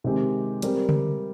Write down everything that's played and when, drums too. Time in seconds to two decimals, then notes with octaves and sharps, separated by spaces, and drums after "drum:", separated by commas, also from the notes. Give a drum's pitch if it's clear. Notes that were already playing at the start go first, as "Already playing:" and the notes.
0.04 C3 D#3 G#3 C4 G4
0.62 G3 C4 G4 A#4, drum: hi-hat
0.89 drum: tom C#3